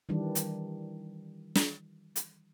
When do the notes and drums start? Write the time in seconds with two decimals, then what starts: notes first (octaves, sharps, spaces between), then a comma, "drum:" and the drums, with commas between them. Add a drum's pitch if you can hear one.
0.09 D#3 E3 G3 D4
0.35 drum: hi-hat
1.55 drum: snare
2.16 drum: hi-hat